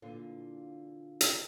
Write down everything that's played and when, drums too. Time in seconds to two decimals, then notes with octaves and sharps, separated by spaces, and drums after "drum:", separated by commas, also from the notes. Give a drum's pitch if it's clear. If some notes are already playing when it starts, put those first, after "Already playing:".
0.02 A#2 D3 E3 D4 F4
1.21 drum: hi-hat